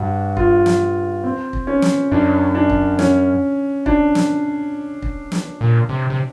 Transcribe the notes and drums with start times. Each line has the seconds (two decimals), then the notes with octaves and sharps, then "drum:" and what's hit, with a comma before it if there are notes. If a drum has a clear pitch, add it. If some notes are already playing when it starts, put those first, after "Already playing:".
Already playing: G2 F#4
0.37 F4, drum: kick
0.66 drum: snare
1.24 C4
1.53 drum: kick
1.67 C#4
1.82 drum: snare
2.11 F#2 D4
2.55 D4
2.70 drum: kick
2.99 C#4, drum: snare
3.86 D4, drum: kick
4.15 drum: snare
5.02 drum: kick
5.32 drum: snare
5.61 A#2
5.89 C3
6.10 C3